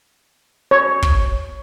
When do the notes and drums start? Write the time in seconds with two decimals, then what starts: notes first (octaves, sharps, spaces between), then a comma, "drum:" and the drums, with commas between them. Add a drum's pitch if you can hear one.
0.71 C#5
1.02 drum: kick